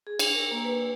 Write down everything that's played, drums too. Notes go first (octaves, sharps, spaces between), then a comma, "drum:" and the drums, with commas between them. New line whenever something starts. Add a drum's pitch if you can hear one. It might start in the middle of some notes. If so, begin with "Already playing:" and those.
G#4
drum: cymbal
A#4
A#3
B4